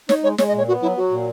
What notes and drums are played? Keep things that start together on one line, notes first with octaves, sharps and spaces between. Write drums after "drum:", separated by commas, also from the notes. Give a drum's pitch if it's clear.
D#4 C#5, drum: snare
G#3 C#5
G#3 C#5, drum: snare
D#5
A#2
C#5
B3 F#4
F#3 E4
F#3 F#4
A#2